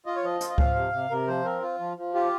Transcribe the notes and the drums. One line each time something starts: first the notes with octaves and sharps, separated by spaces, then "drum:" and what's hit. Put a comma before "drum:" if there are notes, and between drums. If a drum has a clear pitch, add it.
F4 D#5
C#5
F3 D#5
F4, drum: hi-hat
D#5
F3 F5, drum: kick C#2
C3
C3
C3 A#4
F3 C5
C4 A#4
F4
F3
F3
F4 G4